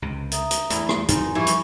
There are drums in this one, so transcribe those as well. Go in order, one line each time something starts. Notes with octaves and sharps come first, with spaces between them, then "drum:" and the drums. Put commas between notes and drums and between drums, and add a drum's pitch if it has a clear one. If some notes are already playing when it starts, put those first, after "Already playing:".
C#2 C3
E5 A#5 D#6, drum: hi-hat
drum: hi-hat
E2 A3 E4, drum: hi-hat
drum: rim click
F#2 C4 D#4 G#5 A#5 C6, drum: hi-hat
E3 F3 G3 G4 E5 G#5 C#6
drum: hi-hat